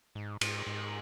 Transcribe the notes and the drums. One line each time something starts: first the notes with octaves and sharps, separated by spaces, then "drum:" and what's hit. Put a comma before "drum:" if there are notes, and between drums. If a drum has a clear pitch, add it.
G#2
G#2, drum: cymbal
G#2